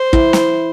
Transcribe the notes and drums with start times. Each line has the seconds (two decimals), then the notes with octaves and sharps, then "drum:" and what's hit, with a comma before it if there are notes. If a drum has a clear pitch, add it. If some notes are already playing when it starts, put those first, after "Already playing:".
Already playing: C5
0.13 E4, drum: kick
0.33 drum: snare